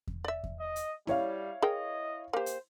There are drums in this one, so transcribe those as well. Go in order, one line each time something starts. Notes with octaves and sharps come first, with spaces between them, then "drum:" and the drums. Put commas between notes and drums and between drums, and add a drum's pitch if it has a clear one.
drum: kick E2
D5 E5
drum: kick E2
D#5
drum: hi-hat
G3 E4 C#5 F5, drum: snare A#3
G#4 A#4 D#5 G5
A#3 G4 C5
drum: hi-hat